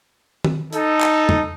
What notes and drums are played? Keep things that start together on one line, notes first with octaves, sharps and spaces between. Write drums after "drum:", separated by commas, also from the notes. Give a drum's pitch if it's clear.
drum: tom D#3
D#4 A4, drum: hi-hat
drum: clap
drum: tom E2